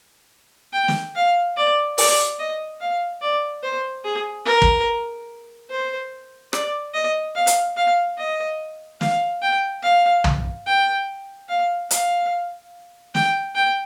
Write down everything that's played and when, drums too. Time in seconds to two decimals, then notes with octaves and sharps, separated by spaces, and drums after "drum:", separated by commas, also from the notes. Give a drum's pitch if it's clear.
0.73 G5
0.88 drum: snare
1.15 F5
1.57 D5
1.98 D5, drum: open hi-hat
2.39 D#5
2.80 F5
3.21 D5
3.63 C5
4.05 G#4
4.46 A#4
4.62 drum: kick
5.70 C5
6.53 D5, drum: rim click
6.94 D#5
7.35 F5
7.47 drum: hi-hat
7.77 F5
8.18 D#5
9.01 F5, drum: snare
9.42 G5
9.83 F5
10.24 drum: tom
10.66 G5
11.49 F5
11.91 F5, drum: hi-hat
13.15 G5, drum: snare
13.55 G5